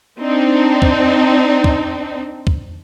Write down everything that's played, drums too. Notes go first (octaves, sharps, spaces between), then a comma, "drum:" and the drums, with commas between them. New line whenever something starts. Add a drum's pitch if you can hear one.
C4 D4 D#4
drum: kick
drum: kick
drum: kick